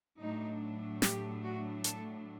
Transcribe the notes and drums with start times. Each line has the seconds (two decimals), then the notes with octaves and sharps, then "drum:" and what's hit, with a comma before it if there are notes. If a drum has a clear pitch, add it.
0.20 A2 F#3 A3 D4 D#4
1.02 G4, drum: snare
1.43 F#4
1.84 A4, drum: hi-hat